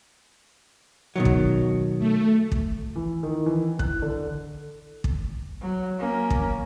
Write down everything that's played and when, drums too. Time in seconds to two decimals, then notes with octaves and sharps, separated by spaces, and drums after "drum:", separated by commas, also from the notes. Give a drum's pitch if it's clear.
1.16 B2 D#3 F#3
1.25 drum: kick
1.99 A3
2.52 drum: kick
2.96 E3
3.23 D#3
3.46 E3
3.79 F#6, drum: kick
4.02 D3
5.04 drum: kick
5.61 F#3
5.98 A#3 C#4
6.30 drum: kick